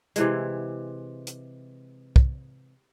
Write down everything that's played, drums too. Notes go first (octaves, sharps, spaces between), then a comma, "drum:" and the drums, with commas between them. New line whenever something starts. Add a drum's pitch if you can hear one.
C3 E3 G#3, drum: hi-hat
drum: hi-hat
drum: kick